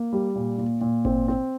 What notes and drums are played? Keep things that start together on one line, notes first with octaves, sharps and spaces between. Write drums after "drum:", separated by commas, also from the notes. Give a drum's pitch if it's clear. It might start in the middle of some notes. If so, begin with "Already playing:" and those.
Already playing: A#3
G3
A#2
A#2
A#2
C4, drum: kick G#1
C4